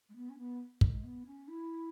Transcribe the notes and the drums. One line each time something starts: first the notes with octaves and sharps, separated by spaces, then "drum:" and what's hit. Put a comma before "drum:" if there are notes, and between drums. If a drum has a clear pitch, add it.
G#3
B3
C#4
B3
G#3, drum: kick
B3
C#4
E4